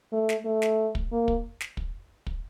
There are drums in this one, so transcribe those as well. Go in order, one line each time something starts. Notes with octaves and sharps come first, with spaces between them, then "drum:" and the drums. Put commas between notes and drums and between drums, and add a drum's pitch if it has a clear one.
A3
drum: snare
A3
drum: snare
drum: kick
A#3
drum: kick
drum: snare
drum: kick
drum: kick